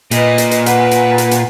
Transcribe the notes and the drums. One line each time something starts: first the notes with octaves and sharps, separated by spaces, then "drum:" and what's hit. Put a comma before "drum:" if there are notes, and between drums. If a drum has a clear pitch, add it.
A#2 B4 D#5, drum: hi-hat
drum: hi-hat
drum: hi-hat
B4 F#5, drum: hi-hat
drum: hi-hat
drum: hi-hat
drum: hi-hat